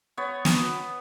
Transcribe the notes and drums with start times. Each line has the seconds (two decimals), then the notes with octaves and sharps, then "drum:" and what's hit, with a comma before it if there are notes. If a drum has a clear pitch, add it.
0.17 B3 C#5
0.45 drum: snare